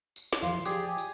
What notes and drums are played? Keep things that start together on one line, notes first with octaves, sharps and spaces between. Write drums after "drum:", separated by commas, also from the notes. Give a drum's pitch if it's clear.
drum: tambourine
drum: snare
F2 E3 F3 F5 C6
F3 G4 G#4 D5, drum: tambourine
G#5
drum: tambourine